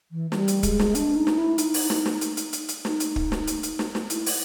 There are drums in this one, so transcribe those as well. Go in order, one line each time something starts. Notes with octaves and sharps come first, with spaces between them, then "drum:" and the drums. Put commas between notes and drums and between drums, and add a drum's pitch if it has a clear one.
E3
G3, drum: snare
drum: hi-hat
G#3, drum: kick, hi-hat
drum: snare
D4, drum: hi-hat
D#4
drum: snare
E4
D#4, drum: hi-hat
drum: open hi-hat
drum: snare
drum: snare
drum: hi-hat
drum: hi-hat
drum: hi-hat
drum: hi-hat
D#4, drum: snare
drum: hi-hat
drum: kick
drum: snare
drum: hi-hat
drum: hi-hat
drum: snare
drum: snare
E4, drum: hi-hat
drum: open hi-hat